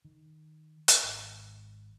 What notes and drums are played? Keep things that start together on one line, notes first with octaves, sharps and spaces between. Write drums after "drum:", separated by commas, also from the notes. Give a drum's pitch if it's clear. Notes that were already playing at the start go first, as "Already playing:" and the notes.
D#3
drum: hi-hat
G#1